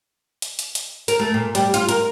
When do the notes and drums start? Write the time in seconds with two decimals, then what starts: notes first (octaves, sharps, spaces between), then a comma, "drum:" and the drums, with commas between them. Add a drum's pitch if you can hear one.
0.42 drum: hi-hat
0.59 drum: hi-hat
0.75 drum: hi-hat
1.08 A#4, drum: hi-hat
1.20 A3
1.34 A#2
1.55 G3, drum: hi-hat
1.74 F4, drum: hi-hat
1.89 A#4, drum: hi-hat